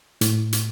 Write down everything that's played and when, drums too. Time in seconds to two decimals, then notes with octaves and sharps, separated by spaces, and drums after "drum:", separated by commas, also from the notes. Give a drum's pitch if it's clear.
0.21 A2, drum: hi-hat
0.53 drum: hi-hat